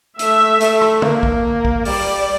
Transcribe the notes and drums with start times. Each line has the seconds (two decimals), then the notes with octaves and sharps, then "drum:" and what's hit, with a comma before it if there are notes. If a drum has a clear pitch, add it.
0.19 A3 E5, drum: hi-hat
0.60 A3, drum: hi-hat
0.81 drum: rim click
1.02 A#3, drum: tom
1.23 drum: kick
1.65 drum: kick
1.85 G3 D5, drum: open hi-hat